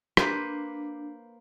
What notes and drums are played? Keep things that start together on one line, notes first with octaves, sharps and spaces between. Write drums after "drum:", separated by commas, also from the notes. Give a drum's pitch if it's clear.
A#3 D4 B4 C5, drum: rim click